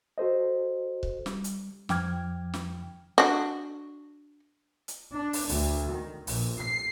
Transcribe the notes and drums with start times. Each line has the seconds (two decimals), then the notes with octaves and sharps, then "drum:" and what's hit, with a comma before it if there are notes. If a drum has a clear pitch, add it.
0.18 F#4 A4 C5 D#5
1.03 drum: kick C#1
1.26 G3, drum: snare
1.44 drum: hi-hat
1.89 F2 F3 G5 D6 F6 G#6, drum: snare
2.54 drum: snare
3.18 D4 F#4
4.88 drum: hi-hat
5.12 D4
5.33 drum: open hi-hat
5.49 D2, drum: open hi-hat
5.92 D#3
6.27 A#1, drum: open hi-hat
6.60 C7